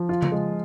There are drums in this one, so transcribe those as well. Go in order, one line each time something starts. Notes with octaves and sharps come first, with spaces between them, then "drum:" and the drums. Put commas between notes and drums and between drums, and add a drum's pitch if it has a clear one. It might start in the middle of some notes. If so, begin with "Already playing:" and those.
Already playing: F3
F4
drum: tom C#3
G#3